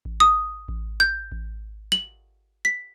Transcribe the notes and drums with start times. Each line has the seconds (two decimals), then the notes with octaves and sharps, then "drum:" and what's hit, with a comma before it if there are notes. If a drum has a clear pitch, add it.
0.05 drum: kick A1
0.20 D#6
0.68 drum: kick A1
1.00 G6
1.32 drum: kick A1
1.92 F#7, drum: snare
2.65 B6